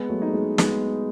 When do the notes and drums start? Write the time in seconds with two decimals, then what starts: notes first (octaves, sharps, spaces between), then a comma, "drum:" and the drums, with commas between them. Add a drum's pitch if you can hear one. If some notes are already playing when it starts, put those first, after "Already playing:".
Already playing: G#3 B3
0.09 F#3 A3
0.22 D#4 G#4
0.34 G#3
0.58 G#3 B3, drum: snare